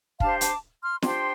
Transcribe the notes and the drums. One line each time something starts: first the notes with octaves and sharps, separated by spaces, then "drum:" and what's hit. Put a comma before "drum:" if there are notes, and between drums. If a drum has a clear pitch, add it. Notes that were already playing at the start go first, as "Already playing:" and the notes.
D4 G4 C5 F5 A5, drum: kick
A5 D6, drum: hi-hat
C6 F6
D4 G4 C5 G5 C6, drum: snare